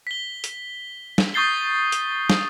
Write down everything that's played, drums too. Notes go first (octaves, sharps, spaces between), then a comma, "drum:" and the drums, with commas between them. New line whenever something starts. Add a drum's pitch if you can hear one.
B6 G7
drum: hi-hat
drum: snare
C#6 D#6 G6 A6 C7 G7
drum: hi-hat
drum: snare